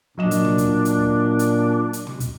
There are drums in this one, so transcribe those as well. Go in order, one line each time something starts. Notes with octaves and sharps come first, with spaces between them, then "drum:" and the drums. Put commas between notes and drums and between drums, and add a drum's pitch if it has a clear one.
A#2 F#3 D4 D#5 E7
drum: hi-hat
drum: tom
drum: kick, hi-hat
drum: hi-hat
drum: kick
drum: hi-hat
drum: hi-hat
drum: tom
drum: kick, hi-hat